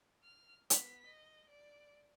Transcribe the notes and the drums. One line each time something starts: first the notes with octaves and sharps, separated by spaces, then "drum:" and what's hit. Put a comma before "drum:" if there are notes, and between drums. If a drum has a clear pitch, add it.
F6
B3 B6, drum: hi-hat
D#5
D5